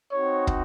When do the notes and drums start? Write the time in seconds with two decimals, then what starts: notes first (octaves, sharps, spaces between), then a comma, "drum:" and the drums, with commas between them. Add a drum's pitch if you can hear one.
0.12 C4 D#4 F#4 C#5
0.47 drum: kick